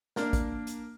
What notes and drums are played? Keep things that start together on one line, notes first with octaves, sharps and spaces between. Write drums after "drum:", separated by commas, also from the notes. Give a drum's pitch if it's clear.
A#3 D4 A#4, drum: snare
drum: kick, hi-hat
drum: hi-hat